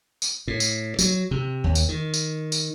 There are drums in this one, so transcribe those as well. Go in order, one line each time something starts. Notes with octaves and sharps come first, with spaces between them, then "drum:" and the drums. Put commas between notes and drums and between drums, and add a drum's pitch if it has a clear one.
drum: tambourine
A2
drum: tambourine
F#3, drum: tambourine
C3
D#2
drum: tambourine
D#3
drum: tambourine
drum: tambourine